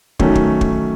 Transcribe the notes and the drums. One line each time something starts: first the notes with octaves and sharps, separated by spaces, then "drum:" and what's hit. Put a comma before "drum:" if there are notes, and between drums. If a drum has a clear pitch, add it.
D#3 F#3 A3 C#4, drum: kick
drum: kick
drum: kick